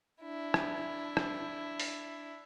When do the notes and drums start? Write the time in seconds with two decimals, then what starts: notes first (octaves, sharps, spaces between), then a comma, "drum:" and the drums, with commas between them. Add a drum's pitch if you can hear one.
0.23 D4 E4
0.54 drum: rim click
1.17 drum: rim click
1.80 drum: open hi-hat